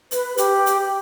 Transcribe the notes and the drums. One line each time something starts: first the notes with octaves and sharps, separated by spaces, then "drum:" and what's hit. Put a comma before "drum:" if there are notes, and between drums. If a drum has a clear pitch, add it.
B4, drum: hi-hat
G4, drum: hi-hat
drum: hi-hat